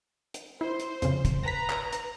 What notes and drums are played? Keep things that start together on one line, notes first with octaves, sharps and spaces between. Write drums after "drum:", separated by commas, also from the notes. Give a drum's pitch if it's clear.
drum: hi-hat
E4 C5
drum: hi-hat
F2 C#3, drum: hi-hat
drum: kick, hi-hat
B4 A#5 A#6 B6
drum: clap
drum: hi-hat